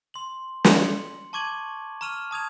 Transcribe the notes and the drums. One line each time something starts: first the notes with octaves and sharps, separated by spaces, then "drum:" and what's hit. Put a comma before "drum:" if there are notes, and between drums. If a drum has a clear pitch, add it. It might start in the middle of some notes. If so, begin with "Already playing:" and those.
C6 F#7
C#7 F#7, drum: snare
A5 C#6 D6 G#6 D#7 F#7
A#5 C#6 F6 D#7 F7
A5 D#6 G#6 F7